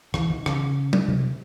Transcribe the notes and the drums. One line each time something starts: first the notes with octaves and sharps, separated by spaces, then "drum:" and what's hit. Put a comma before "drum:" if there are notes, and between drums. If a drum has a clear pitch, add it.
E3, drum: rim click
D#3
C#3, drum: rim click
drum: tom
C3